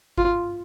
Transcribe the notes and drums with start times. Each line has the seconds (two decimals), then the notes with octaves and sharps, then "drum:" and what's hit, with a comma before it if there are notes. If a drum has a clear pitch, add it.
0.18 F4, drum: kick G1